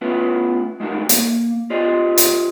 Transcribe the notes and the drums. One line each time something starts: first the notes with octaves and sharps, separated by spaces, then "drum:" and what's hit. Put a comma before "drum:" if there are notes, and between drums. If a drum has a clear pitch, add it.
A3 B3 C#4 E4 F4 B4
G#3 A3 D#4 F#4 A#4
A#3, drum: hi-hat
F4 G4 C5 D5 D#5
drum: hi-hat